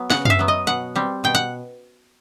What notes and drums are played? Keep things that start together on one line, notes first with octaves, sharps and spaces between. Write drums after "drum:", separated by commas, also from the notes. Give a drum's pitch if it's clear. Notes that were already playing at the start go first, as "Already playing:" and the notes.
Already playing: F#3 B3
C#3 F#5, drum: snare
E5 F5, drum: tom F#2
F#3 B3
D#5
B2 F#5
G3 C4
B2 G5
F#5